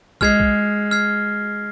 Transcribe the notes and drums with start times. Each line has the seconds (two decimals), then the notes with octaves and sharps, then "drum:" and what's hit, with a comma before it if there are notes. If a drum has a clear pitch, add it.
0.21 G#3 F6 G#6 C7, drum: kick
0.40 drum: kick
0.91 F6 G#6 C7